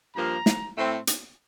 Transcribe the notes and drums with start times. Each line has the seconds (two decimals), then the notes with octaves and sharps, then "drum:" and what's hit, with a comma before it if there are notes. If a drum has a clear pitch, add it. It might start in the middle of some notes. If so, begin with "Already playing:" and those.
0.16 G2 F3 A#3 A#5
0.46 drum: snare
0.76 A2 A3 C4
1.07 drum: hi-hat